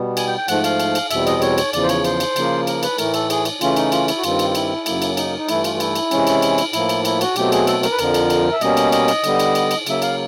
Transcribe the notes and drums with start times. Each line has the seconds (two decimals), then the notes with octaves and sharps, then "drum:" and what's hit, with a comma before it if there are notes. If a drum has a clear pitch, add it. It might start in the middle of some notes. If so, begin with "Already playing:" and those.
Already playing: B2 G3 B3
0.17 G#5, drum: cymbal
0.27 G5
0.38 G5
0.48 G#2 F3 A3 F#5, drum: cymbal
0.64 F5, drum: cymbal
0.80 drum: cymbal
0.95 drum: cymbal
1.11 E2 B2 G3 C4 E5, drum: cymbal
1.27 D#5, drum: cymbal
1.42 C#5, drum: cymbal
1.58 drum: cymbal
1.73 E2 C#3 F3 D5, drum: cymbal
1.84 C5
1.89 C#5, drum: cymbal
2.04 C5, drum: cymbal
2.20 drum: cymbal
2.36 C#3 F3 A#3, drum: cymbal
2.67 A#4, drum: cymbal
2.83 B4, drum: cymbal
2.98 A2 E3 A3 A#4, drum: cymbal
3.14 A4, drum: cymbal
3.30 G#4, drum: cymbal
3.45 drum: cymbal
3.61 C#3 E3 A3 C#4 F4, drum: cymbal
3.76 D#4, drum: cymbal
3.92 F4, drum: cymbal
4.08 E4, drum: cymbal
4.18 F#4
4.24 G2 D#3 G3 C4 F4, drum: cymbal
4.39 drum: cymbal
4.50 F4
4.55 E4, drum: cymbal
4.86 F#2 C#3 F#3 A#3, drum: cymbal
5.02 drum: cymbal
5.17 D#4, drum: cymbal
5.38 D#4
5.49 G2 E3 A3 E4, drum: cymbal
5.64 F4, drum: cymbal
5.76 F4
5.80 E4, drum: cymbal
5.95 drum: cymbal
6.11 C3 E3 G#3 C#4, drum: cymbal
6.27 drum: cymbal
6.42 drum: cymbal
6.58 drum: cymbal
6.73 A2 F3 A#3 E4, drum: cymbal
6.89 drum: cymbal
7.05 E4, drum: cymbal
7.21 F#4, drum: cymbal
7.36 B2 F#3 A3 C4 G4, drum: cymbal
7.52 G#4, drum: cymbal
7.67 A4, drum: cymbal
7.83 A#4, drum: cymbal
7.92 B4
7.99 F2 D3 F3 A#4, drum: cymbal
8.14 drum: cymbal
8.30 drum: cymbal
8.52 E5
8.61 B2 G3 A#3 C#4 D#5, drum: cymbal
8.77 drum: cymbal
8.92 D#5, drum: cymbal
9.08 drum: cymbal
9.24 D3 G3 B3, drum: cymbal
9.39 drum: cymbal
9.55 drum: cymbal
9.71 drum: cymbal
9.87 C#3 F#3 A#3 E5, drum: cymbal
10.02 F5, drum: cymbal